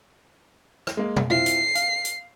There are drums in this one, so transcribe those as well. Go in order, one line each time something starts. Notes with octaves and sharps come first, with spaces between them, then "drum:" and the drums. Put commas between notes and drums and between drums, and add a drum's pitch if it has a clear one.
drum: rim click
G#3 A#3
drum: tom B2
C4 E4 F4 C7
drum: hi-hat
F5, drum: hi-hat
drum: hi-hat